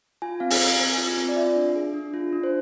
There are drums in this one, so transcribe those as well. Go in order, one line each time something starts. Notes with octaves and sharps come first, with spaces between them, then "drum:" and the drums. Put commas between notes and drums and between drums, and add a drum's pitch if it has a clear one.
F4 G#5
C4 F5
G#5, drum: open hi-hat
G#4
C4 G#5
F4 G#5
C4
D5
F4 E5
D4
G#4
D4
F4
D4
C5